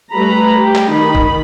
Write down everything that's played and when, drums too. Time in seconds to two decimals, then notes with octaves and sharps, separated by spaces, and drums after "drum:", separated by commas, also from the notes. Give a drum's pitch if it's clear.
0.13 G3 A3 B4 A#5 B5
0.55 G4
0.75 drum: clap
0.90 D#3 D#4 B5
1.15 drum: kick A1